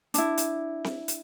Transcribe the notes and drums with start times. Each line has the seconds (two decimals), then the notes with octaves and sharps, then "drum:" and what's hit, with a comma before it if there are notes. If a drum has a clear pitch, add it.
0.14 D4 E4, drum: hi-hat
0.37 drum: hi-hat
0.84 drum: snare C4
1.08 drum: hi-hat